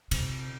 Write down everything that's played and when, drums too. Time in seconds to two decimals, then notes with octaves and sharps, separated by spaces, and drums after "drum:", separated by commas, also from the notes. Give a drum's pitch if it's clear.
0.11 C3, drum: cymbal